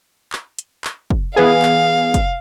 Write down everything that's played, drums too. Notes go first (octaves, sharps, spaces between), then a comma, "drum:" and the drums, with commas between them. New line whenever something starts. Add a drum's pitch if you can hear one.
drum: clap
drum: hi-hat
drum: clap
drum: kick
E3 B3 G#4 F5
drum: clap
drum: kick, hi-hat